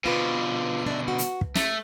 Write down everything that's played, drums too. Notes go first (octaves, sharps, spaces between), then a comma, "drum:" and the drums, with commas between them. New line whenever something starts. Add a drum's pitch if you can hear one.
B2 D3 C4 F4 B4
D4 E5
F#4
drum: hi-hat
drum: kick
A3 E5, drum: snare